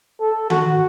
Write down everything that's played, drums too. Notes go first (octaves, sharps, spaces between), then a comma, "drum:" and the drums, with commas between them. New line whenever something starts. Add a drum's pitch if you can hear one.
A4
F#4, drum: tom D#3